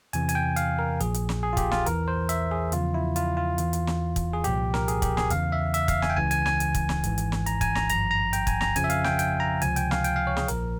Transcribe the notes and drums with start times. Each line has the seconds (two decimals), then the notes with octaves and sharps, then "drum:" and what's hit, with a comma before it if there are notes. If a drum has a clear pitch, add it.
0.13 E2 C3 E3 G#5, drum: hi-hat
0.29 G#5, drum: hi-hat
0.35 G5
0.56 F5, drum: hi-hat
0.79 A#4
1.00 A#1 A#2 F3 G#4, drum: hi-hat
1.14 drum: hi-hat
1.29 drum: snare
1.43 G#4
1.53 F4
1.57 G4, drum: kick, hi-hat
1.71 F4, drum: snare
1.86 E2 E3 A#4, drum: hi-hat
2.08 C5
2.29 E5, drum: hi-hat
2.51 G#4
2.72 E2 C#3 F3 F4, drum: hi-hat
2.94 E4
3.16 F4, drum: hi-hat
3.37 F4
3.58 E2 E3, drum: hi-hat
3.73 drum: hi-hat
3.87 drum: snare
4.16 drum: kick, hi-hat
4.34 G#4
4.44 C2 A#2 F3 G4, drum: hi-hat
4.74 A#4, drum: snare
4.88 G#4, drum: hi-hat
5.02 G4, drum: kick, hi-hat
5.17 G#4, drum: snare
5.30 E2 C#3 E3 F5, drum: hi-hat
5.52 E5
5.74 E5, drum: hi-hat
5.88 F5, drum: kick, hi-hat
6.02 G#5, drum: snare
6.10 G5
6.16 C#2 C#3 E3 G#5
6.31 G#5, drum: hi-hat
6.46 G#5, drum: snare
6.60 drum: hi-hat
6.75 drum: kick, hi-hat
6.89 drum: snare
7.04 G#1 G#2 E3, drum: hi-hat
7.18 drum: hi-hat
7.32 drum: snare
7.46 A#5, drum: hi-hat
7.61 G#5, drum: kick, hi-hat
7.75 A#5, drum: snare
7.89 G#1 G2 F3 A#5, drum: hi-hat
8.11 A#5
8.33 G5, drum: hi-hat
8.47 G#5, drum: kick, hi-hat
8.61 A#5, drum: snare
8.76 F2 C#3 F3 G#5, drum: hi-hat
8.84 E5
8.90 F5, drum: hi-hat
9.04 G5, drum: snare
9.19 G5, drum: hi-hat
9.40 A#5
9.62 C#2 C3 F3 G#5, drum: hi-hat
9.76 G5, drum: hi-hat
9.91 F5, drum: snare
10.04 G5, drum: hi-hat
10.16 F5
10.27 C#5
10.37 G#4, drum: snare
10.48 A#1 A#2 F3 A#4, drum: hi-hat